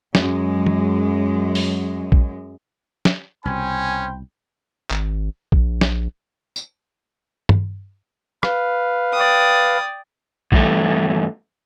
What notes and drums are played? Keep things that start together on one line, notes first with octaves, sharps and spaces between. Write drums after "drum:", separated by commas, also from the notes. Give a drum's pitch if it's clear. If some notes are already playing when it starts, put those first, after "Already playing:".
F#2 G#3, drum: snare
drum: tom
drum: open hi-hat
drum: kick A#1
drum: snare
C2 B2 C#4 C5 G5 G#5 B5
G#1, drum: clap
A#1, drum: kick A#1
drum: snare
drum: tambourine
drum: tom G2
B4 F5, drum: rim click
D5 G5 D#6
E2 G2 A3, drum: kick A#1